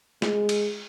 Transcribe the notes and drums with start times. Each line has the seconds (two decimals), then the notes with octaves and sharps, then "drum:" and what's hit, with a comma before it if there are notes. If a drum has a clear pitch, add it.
0.22 G#3, drum: snare
0.49 drum: cymbal